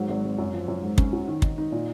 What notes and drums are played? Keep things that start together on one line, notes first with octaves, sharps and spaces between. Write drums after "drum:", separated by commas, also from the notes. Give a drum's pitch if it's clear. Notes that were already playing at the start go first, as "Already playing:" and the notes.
Already playing: G#2 F#3
G#1
G#1
F#2
F3
F#2
G#2
C#4, drum: kick
F#3
D#3
D#4, drum: kick
D#4
A#2